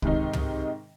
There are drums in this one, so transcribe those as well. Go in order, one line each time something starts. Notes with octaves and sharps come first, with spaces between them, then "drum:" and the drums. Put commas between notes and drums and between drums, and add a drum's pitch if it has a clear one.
G#2 C3 D#3 D#4, drum: kick
drum: tom